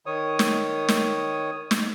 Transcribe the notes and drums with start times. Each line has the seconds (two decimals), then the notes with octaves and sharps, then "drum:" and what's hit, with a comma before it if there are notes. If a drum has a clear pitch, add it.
0.06 D#3 C#5 D#6
0.39 drum: snare
0.88 drum: snare
1.71 drum: snare